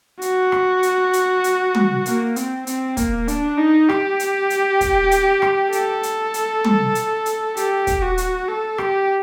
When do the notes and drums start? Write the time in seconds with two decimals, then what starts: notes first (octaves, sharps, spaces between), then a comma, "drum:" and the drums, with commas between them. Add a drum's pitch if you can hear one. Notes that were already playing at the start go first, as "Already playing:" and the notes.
0.22 F#4, drum: hi-hat
0.52 drum: rim click
0.83 drum: hi-hat
1.13 drum: hi-hat
1.44 drum: hi-hat
1.75 drum: tom
2.06 A#3, drum: hi-hat
2.36 C4, drum: hi-hat
2.67 C4, drum: hi-hat
2.97 A#3, drum: kick, hi-hat
3.28 D4, drum: hi-hat
3.58 D#4
3.89 G4, drum: rim click
4.20 drum: hi-hat
4.50 drum: hi-hat
4.81 drum: kick, hi-hat
5.11 drum: hi-hat
5.42 drum: rim click
5.72 A4, drum: hi-hat
6.03 drum: hi-hat
6.34 drum: hi-hat
6.64 drum: tom
6.95 drum: hi-hat
7.26 drum: hi-hat
7.57 G4, drum: hi-hat
7.87 drum: kick, hi-hat
8.02 F#4
8.18 drum: hi-hat
8.48 A4
8.78 G4, drum: rim click